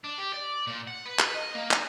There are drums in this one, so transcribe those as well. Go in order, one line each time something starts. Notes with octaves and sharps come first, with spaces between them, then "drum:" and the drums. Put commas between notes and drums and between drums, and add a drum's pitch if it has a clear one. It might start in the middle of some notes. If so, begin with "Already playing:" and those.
D4
G4
D5
A#2
F#5
B4
drum: clap
D#5
A#3
D#4, drum: clap